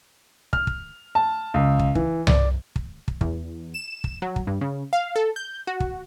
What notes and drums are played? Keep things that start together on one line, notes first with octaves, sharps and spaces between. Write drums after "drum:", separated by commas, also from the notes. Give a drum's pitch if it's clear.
F6, drum: kick
drum: kick
A5
C#2
drum: kick
E3, drum: kick
D5, drum: tom C2
drum: kick
drum: kick
E2, drum: kick
E7
drum: kick
F#3
drum: kick
G2
C#3
F5
A4
G6
F#4
drum: kick